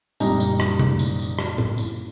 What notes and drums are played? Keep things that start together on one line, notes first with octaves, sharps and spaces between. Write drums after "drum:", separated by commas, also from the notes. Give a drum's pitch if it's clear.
F#1 A#2 G3 D#4 A#5, drum: tambourine
drum: tambourine
drum: rim click
drum: tom C3
drum: tambourine
drum: tambourine
drum: rim click
drum: tom
drum: tambourine